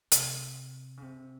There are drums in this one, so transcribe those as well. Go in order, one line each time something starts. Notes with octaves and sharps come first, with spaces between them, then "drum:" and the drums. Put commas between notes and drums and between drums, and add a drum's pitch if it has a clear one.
C3, drum: hi-hat
C#3
C3